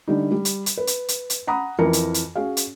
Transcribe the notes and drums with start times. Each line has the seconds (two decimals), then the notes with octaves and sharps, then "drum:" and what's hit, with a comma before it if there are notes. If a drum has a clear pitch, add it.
0.08 D3 G3 D#4
0.31 G3
0.45 drum: hi-hat
0.66 drum: hi-hat
0.78 B4
0.87 drum: hi-hat
1.08 drum: hi-hat
1.30 drum: hi-hat
1.47 F#5 A#5 B5 D#6
1.79 F2 E3 A#4 A#5 C#7
1.93 drum: hi-hat
2.14 drum: hi-hat
2.35 C#4 F#4 G#4 F5
2.57 drum: hi-hat